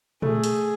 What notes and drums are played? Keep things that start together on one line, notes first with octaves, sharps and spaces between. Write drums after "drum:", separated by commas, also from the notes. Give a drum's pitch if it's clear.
A3 G#4, drum: tom A#2
drum: hi-hat